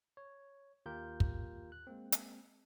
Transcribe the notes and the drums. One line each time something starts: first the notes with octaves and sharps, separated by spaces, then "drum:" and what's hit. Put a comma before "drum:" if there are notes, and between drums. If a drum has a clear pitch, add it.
C#5
D#2 F4 G4 A#4 G6
drum: kick
F#6
G#3 A#3 C4
drum: hi-hat